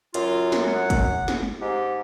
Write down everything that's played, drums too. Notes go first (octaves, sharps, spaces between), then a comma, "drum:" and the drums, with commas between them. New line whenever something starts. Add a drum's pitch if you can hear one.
F#2 F4, drum: hi-hat
drum: snare
F#5
drum: kick, hi-hat
drum: snare
G#2 G4